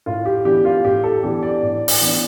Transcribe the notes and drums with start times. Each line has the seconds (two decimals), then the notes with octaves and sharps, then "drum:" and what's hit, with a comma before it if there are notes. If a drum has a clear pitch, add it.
0.06 A2 F4
0.26 G4
0.45 E3 B3 D4 G4
0.65 F4
0.84 A2 G4
1.04 A4
1.23 E3 B3 D4 G4
1.43 D5
1.63 A2
1.88 drum: open hi-hat
2.01 E3 B3 D4